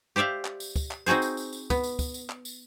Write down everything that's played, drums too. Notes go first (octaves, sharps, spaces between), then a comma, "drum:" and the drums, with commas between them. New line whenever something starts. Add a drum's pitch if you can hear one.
G4 C5 D5 E5 F5
drum: clap
drum: tambourine
drum: kick, tambourine
drum: clap
C4 D#4 F#4 G#4 C5, drum: tambourine
drum: tambourine
drum: tambourine
drum: tambourine
B3, drum: kick, tambourine
drum: tambourine
drum: kick, tambourine
drum: tambourine
drum: clap
drum: tambourine